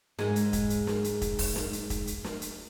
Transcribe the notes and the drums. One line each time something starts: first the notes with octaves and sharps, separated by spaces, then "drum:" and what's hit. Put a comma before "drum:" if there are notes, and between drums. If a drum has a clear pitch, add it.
G#2 G#3, drum: snare
drum: hi-hat
drum: kick, hi-hat
drum: hi-hat
drum: snare
drum: hi-hat
drum: kick, hi-hat
drum: kick, open hi-hat
drum: snare
drum: hi-hat
drum: kick, hi-hat
drum: hi-hat
drum: snare
drum: hi-hat